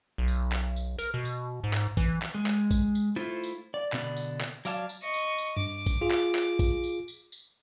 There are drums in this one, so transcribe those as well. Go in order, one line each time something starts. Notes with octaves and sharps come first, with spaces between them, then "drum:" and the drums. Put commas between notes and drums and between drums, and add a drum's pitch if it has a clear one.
B1
drum: tambourine
drum: clap
drum: tambourine
A#4, drum: tambourine
B2
drum: tambourine
G#2
drum: clap
E3, drum: kick, tambourine
drum: clap
G#3
drum: clap
drum: kick, tambourine
drum: tambourine
A3 E4 F4 C5
drum: tambourine
D5
B2 D3 B3 D5, drum: clap
drum: tambourine
drum: clap
F#3 D5 F5 A5, drum: tambourine
drum: tambourine
D#5 C#6
drum: tambourine
drum: tambourine
G2 D6
drum: kick, tambourine
F4 G#4
drum: clap
drum: clap
drum: kick, tambourine
drum: tambourine
drum: tambourine
drum: tambourine